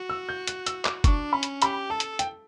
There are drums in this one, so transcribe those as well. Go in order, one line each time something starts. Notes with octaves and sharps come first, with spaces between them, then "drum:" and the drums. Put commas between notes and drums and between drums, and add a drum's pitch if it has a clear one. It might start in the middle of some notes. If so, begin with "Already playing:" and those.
Already playing: F#4
E6
G6
F#6, drum: hi-hat
E6, drum: hi-hat
D6, drum: clap
D4 C#6, drum: kick F#1, hi-hat
C#4 B5
drum: hi-hat
G4 B5, drum: hi-hat
A4 A5
drum: hi-hat
G5, drum: hi-hat